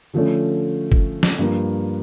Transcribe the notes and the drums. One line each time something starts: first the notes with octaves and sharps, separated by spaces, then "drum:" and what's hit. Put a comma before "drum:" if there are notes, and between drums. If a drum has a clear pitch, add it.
D3 F3 A3 C#4
drum: kick
drum: snare
G2 F3 A#3